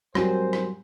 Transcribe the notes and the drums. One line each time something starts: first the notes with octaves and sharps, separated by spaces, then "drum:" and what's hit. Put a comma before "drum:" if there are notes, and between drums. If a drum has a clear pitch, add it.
G#2 F#3 G3 C4 A#4 C5 G#5, drum: rim click
drum: rim click